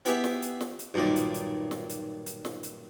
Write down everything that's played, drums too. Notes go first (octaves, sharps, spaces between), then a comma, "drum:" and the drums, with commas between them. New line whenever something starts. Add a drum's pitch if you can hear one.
B3 E4 G4 G#4 E5, drum: hi-hat
drum: snare
drum: hi-hat
drum: snare
drum: hi-hat
B1 G2 A#2 D#3 D5
drum: hi-hat
drum: hi-hat
drum: snare
drum: hi-hat
drum: hi-hat
drum: snare
drum: hi-hat